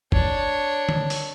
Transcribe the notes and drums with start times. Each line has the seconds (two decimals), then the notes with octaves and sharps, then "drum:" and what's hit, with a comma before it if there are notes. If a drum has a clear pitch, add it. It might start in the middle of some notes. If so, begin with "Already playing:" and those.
0.12 D4 C#5, drum: kick F#1
0.89 drum: tom D3
1.10 drum: open hi-hat